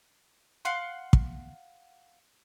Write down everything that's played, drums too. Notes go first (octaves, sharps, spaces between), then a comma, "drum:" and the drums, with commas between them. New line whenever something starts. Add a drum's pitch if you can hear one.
F5 F#5 C6
drum: kick